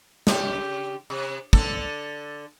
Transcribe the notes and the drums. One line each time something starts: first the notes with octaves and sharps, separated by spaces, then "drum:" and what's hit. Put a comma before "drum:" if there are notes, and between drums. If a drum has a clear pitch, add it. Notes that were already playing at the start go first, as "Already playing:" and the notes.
C#3 G4, drum: snare
C3
D3 D4 A4, drum: kick